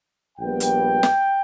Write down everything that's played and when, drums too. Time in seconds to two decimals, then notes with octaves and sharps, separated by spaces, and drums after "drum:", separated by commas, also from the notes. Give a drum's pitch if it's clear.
0.38 A#1 A#2 G3 B3 G5
0.60 drum: hi-hat
1.03 drum: snare